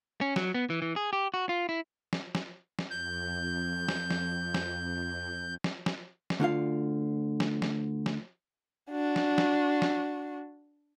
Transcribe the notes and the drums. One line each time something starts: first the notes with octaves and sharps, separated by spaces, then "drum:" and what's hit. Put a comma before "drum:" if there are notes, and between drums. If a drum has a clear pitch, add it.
C#4
F#3, drum: snare
B3
E3
E3
G#4
G4
F#4
F4
E4
drum: snare
drum: snare
drum: snare
F2 G6
drum: snare
drum: snare
drum: snare
drum: snare
drum: snare
drum: snare
D2 D3 F4 F5
drum: snare
drum: snare
drum: snare
D4 F#4
drum: snare
drum: snare
drum: snare